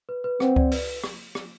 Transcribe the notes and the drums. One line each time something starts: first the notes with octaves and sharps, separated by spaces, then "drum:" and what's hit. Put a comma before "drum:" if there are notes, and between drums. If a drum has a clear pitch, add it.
B4
B4
C4 F#5, drum: rim click
D5, drum: kick C#2
B4, drum: open hi-hat
drum: rim click
drum: rim click